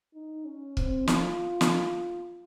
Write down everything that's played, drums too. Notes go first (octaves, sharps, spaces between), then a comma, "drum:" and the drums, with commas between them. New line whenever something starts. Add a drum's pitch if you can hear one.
D#4
C#4
C4, drum: kick
F4, drum: snare
drum: snare